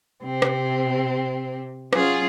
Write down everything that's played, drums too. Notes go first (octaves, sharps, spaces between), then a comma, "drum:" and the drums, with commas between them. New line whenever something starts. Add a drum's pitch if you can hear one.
C3 C4
drum: rim click
F#3 C#4 F4 G#4, drum: rim click